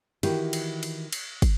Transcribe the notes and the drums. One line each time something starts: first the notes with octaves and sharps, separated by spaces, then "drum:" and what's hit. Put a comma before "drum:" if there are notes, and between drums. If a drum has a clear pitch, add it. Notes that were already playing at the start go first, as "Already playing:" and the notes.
D#3 E3 E4 F#4 G4, drum: cymbal
drum: cymbal
drum: cymbal
drum: cymbal
drum: kick, cymbal